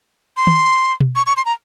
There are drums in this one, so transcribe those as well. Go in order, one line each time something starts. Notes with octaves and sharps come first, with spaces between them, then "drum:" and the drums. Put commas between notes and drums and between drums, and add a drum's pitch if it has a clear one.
C6
drum: tom
drum: tom B2
C#6
C#6
C6
A#5